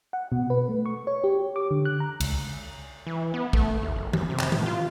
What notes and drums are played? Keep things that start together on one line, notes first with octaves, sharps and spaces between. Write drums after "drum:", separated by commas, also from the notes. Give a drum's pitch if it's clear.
F#5
B2
B4
A3
C#6
C#5
G4
D6
D3
F#6
A#5
C#2, drum: cymbal
E3
B3
A3, drum: kick
D#2
F#1
F#2, drum: tom
C3
drum: clap
A2, drum: tom
F4